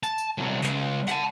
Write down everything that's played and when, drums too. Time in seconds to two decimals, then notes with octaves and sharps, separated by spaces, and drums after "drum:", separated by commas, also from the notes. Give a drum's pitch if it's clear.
0.03 A5, drum: tambourine
0.18 drum: tambourine
0.38 C2 F#3
0.64 C#2, drum: clap
1.08 F#5 A5, drum: clap